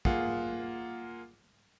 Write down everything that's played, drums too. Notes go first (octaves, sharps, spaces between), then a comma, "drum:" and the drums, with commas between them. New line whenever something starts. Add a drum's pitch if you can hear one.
A#3 F4 G#4 F#5, drum: kick